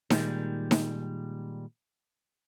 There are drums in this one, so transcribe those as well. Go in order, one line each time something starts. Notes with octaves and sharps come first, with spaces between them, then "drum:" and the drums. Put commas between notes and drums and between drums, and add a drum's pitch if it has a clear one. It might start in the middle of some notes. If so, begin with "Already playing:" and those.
A#2 D#3 F3 G3 G#3, drum: snare D#4
drum: snare D#4